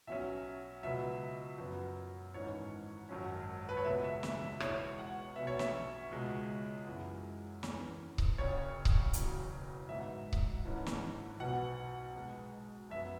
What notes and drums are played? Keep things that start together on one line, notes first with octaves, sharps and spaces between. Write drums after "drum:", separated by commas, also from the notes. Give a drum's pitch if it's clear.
B1 B2 F#3 C#4 E5
C#2 B2 F#3 B3 E5
F#2 F#3 B3
G#1 G#2 E3 C#4 C#5
G#1 F#2 F#3 C#4
B4
C#5
C#2 B2 G#3 B3 E5
E5
E5, drum: snare
E5
E1 E2 E3 G#3 C#5, drum: rim click
F#5
B1 B2 B3 E5
C#5
E5, drum: snare
C#2 B2 G#3
F#2 E3 G#3 B3
E2 E3 C#4, drum: snare
drum: kick C#1
F#1 F#2 C#3 C#5
drum: kick C#1
E1 E2 C#3 F#3, drum: hi-hat
G#1 G#2 F#3 B3 E5
drum: kick C#1
G#1 G#2 E3 C#4
drum: snare
B1 B2 B3 F#5
B1 B2 G#3 B3
F#2 F#3 B3 E5